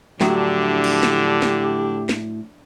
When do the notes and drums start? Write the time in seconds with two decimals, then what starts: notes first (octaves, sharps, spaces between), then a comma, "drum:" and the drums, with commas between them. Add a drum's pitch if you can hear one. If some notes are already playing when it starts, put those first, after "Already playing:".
0.21 A2 D3 F3 F#3 D4 E4 G4, drum: snare
0.84 drum: cymbal
1.03 drum: snare
1.42 drum: snare
2.09 drum: snare